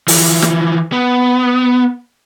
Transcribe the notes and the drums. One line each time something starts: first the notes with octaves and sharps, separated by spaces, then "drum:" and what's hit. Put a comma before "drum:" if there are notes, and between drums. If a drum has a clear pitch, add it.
E3 F3, drum: open hi-hat
drum: snare
B3